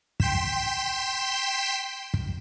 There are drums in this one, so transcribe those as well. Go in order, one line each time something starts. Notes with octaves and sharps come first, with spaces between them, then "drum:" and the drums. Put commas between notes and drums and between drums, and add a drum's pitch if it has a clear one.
G5 C6 G6 B6 E7, drum: kick
drum: kick